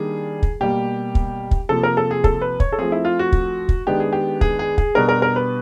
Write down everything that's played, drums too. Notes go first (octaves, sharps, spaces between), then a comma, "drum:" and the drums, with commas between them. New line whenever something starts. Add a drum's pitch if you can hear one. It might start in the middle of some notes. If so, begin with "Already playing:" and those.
Already playing: D#3 G3 A#3 D4 G#4
drum: kick
B2 G3 A#3 G4
drum: kick
drum: kick
C3 F3 A#3 A4
A#4
A4
G#4
A4, drum: kick
B4
C#5, drum: kick
A4
F3 A3 C4 G#4
E4
F4
F#4
drum: kick
drum: kick
D#3 G#3 B3 D4 G4
G#4
G4
G#4, drum: kick
G#4
G#4, drum: kick
B2 G3 B3 D4 A#4
A#4
A#4
B4